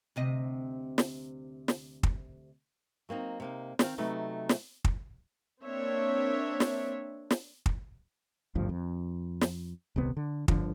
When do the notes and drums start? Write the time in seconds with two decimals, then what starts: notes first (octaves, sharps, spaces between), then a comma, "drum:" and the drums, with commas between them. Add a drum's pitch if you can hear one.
0.16 D2 C3 D#5
0.98 drum: snare
1.68 drum: snare
2.03 drum: kick
3.09 F#3 A#3 C4 D#4
3.40 C3 A#3 D#4
3.79 D#3 C4 F5, drum: snare
3.98 C3 F#3 A3 B3 D#4
4.49 drum: snare
4.84 drum: kick
5.62 A#3 C4 D4 C#5 E5
6.60 drum: snare
7.31 drum: snare
7.66 drum: kick
8.55 G#1 D2 G2 F3
8.69 F2
9.41 drum: snare
9.96 D#1 C2 C3 B3
10.17 D3
10.48 G1 D3 F3, drum: kick